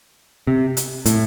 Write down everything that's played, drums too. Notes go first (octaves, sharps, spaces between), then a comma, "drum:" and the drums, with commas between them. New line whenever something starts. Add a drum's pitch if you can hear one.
C3
drum: hi-hat
A2, drum: hi-hat